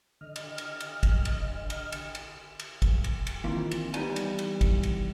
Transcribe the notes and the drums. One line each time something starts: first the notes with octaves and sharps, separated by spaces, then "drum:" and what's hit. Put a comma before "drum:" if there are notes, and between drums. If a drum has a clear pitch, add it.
D3 D#5 F6
drum: cymbal
drum: cymbal
drum: cymbal
drum: kick, cymbal
drum: cymbal
drum: cymbal
drum: cymbal
drum: cymbal
drum: cymbal
drum: kick, cymbal
drum: cymbal
drum: cymbal
D#3 E3 A#3 C4 F4
drum: cymbal
E2 G3 D#4 B4 D5 G#5, drum: cymbal
drum: cymbal
drum: cymbal
drum: kick, cymbal
drum: cymbal